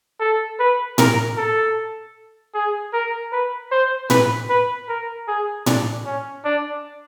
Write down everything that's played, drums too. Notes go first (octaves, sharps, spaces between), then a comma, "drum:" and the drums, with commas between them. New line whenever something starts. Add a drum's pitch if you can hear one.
A4
B4
A#4, drum: tom A2
A4
G#4
A#4
B4
C5
B4, drum: tom A2
B4
A#4
G#4
D4, drum: tom A2
C#4
D4